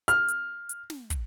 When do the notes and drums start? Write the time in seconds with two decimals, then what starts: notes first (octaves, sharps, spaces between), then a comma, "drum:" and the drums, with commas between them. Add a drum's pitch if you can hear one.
0.08 F6, drum: hi-hat
0.28 drum: hi-hat
0.69 drum: hi-hat
0.90 drum: snare
1.10 drum: kick, hi-hat